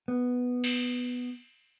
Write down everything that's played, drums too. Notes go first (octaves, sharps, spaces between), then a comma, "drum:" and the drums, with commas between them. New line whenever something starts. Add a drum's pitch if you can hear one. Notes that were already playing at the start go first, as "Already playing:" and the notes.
B3
drum: cymbal